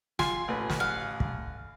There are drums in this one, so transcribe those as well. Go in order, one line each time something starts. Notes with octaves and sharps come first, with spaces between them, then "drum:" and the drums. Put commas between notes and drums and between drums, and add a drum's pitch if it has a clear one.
F4 G#5 C6, drum: snare
A1 B4
drum: snare
F5 F#5
drum: kick